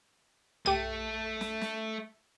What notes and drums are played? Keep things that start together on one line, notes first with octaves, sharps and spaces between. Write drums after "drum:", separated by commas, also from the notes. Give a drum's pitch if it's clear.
A3 G4 D#7, drum: tom
drum: snare
drum: snare